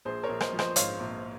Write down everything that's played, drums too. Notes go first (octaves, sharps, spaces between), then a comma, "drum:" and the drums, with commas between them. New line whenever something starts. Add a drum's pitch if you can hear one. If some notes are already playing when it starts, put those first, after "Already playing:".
A#1 G#4 C5
A#4 C#5
A#1
C5 D#5, drum: rim click
F3
C5 D#5, drum: rim click
G#2 C#5 F5, drum: hi-hat
A#1